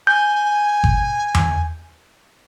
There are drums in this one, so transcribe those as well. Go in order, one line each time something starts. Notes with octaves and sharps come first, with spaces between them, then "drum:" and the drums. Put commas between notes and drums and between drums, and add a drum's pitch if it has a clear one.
G#5 G6
drum: kick G1
drum: tom E2